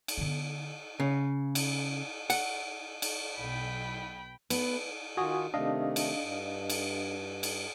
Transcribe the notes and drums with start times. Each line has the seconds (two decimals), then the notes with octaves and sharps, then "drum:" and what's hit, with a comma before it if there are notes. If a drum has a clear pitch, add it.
0.08 drum: cymbal
0.18 D3 B3
1.00 C#3
1.55 drum: cymbal
2.30 F#5, drum: cymbal
3.02 drum: cymbal
3.39 B1 G5 B5
4.50 B3, drum: cymbal
5.17 D#3 F4 F#4 G#5 D#6
5.54 C3 D#3 A3 D4 D#5 F5
5.96 drum: cymbal
6.20 G2
6.70 drum: cymbal
7.43 drum: cymbal